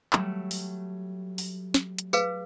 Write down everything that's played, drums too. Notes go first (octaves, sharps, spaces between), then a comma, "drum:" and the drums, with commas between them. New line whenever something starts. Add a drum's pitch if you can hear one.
F#3 G3 A3, drum: clap
drum: open hi-hat
drum: open hi-hat
drum: snare
drum: hi-hat
G#4 B4 F5, drum: tambourine